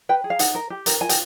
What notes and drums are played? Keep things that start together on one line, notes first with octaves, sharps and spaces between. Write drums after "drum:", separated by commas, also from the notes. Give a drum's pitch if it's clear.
B4 G5
G#4
F5
D#4 F#5, drum: hi-hat
A#4
G4
A#4 G5, drum: hi-hat
F4 G#5
G5, drum: hi-hat